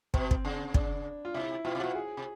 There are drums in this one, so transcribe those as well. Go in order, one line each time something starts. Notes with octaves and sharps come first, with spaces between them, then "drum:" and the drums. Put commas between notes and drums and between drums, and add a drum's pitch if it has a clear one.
B2 C4, drum: kick
drum: kick
C#3
D4, drum: kick
F4
C3 E4
B2 F4
C3
B2 F#4
G#4
C3